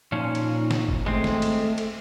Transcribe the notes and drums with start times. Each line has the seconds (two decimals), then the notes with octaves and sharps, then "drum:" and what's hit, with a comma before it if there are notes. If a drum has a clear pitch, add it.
0.12 A#2 F3 C#4 D#4
0.35 drum: cymbal
0.71 drum: snare
0.88 drum: kick F#1
1.06 G#3 A3 C4, drum: tom
1.24 drum: snare
1.42 drum: cymbal
1.78 drum: cymbal